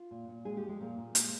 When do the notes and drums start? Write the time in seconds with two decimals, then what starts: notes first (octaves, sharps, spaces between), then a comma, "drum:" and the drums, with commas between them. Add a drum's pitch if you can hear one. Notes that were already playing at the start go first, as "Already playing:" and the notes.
Already playing: F4
0.11 A#2
0.28 A#2
0.45 G#3 G#4
0.57 G4
0.62 F3
0.69 G#3
0.80 A#2 A#3
0.98 A#2
1.15 G#3, drum: hi-hat